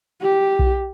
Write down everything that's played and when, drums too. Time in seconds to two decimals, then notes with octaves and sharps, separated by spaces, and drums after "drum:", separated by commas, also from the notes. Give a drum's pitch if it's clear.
0.22 G4
0.59 drum: kick B1